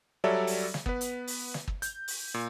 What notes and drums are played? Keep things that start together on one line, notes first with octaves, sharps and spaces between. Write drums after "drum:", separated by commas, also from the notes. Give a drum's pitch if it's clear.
F#3 G3 A4 C#5 D5 E5
drum: open hi-hat
drum: snare
B3 B4, drum: kick
drum: hi-hat
drum: open hi-hat
drum: snare
drum: kick
G6, drum: hi-hat
drum: open hi-hat
A#2